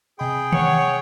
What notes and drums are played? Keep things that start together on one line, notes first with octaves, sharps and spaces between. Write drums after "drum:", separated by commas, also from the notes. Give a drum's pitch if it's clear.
C3 G#4 D#5 G5 B5
C#5 F#5, drum: tom D#3